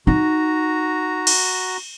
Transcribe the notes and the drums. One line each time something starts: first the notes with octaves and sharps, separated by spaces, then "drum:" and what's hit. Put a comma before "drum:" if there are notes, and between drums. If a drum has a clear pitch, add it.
D#4 F#4 A#5
drum: cymbal